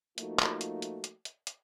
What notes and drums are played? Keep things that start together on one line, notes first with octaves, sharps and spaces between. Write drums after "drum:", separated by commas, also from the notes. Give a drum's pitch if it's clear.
F3 A3 A#3 D#4 F4 F#4, drum: hi-hat
drum: clap
drum: hi-hat
drum: hi-hat
drum: hi-hat
drum: hi-hat
drum: hi-hat